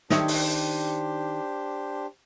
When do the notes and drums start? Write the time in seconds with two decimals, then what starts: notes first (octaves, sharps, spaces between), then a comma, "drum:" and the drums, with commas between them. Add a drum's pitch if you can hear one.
0.10 D#3 D4 G4 C5 C#5 E5, drum: snare
0.28 drum: open hi-hat